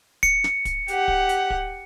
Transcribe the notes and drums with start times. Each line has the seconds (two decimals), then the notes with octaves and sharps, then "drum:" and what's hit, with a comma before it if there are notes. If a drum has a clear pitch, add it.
0.23 C#7, drum: kick, hi-hat
0.44 drum: snare
0.65 drum: kick, hi-hat
0.88 G4 F#5, drum: hi-hat
1.08 drum: kick
1.29 drum: hi-hat
1.50 drum: kick